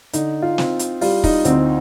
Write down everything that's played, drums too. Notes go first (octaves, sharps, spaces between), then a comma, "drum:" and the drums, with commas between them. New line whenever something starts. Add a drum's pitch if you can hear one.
D3 D#4, drum: hi-hat
F4
C4, drum: snare
drum: hi-hat
G3 F4, drum: open hi-hat
D#4, drum: kick, open hi-hat
D2 C4, drum: hi-hat